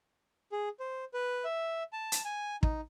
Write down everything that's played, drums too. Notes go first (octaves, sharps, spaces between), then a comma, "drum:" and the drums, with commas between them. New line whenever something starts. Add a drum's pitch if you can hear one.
G#4
C5
B4
E5
A5
drum: hi-hat
G#5
D#4, drum: kick